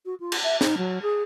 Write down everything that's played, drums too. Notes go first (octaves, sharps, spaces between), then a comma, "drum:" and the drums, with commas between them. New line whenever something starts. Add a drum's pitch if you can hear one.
F#4
F4
drum: cymbal
E5
D#4, drum: snare
F#3
G#4